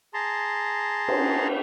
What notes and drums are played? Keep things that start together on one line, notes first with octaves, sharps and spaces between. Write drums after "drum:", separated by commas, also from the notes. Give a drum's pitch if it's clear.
G#4 A5 A#5 C6
drum: cymbal